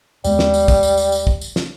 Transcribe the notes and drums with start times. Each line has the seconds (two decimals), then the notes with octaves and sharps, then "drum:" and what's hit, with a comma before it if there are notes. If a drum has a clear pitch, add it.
0.24 D#2 G3 G#3 B3, drum: tambourine
0.39 drum: snare
0.54 drum: tambourine
0.68 drum: kick, tambourine
0.83 drum: tambourine
0.98 drum: tambourine
1.12 drum: tambourine
1.27 drum: kick
1.41 drum: tambourine
1.56 drum: snare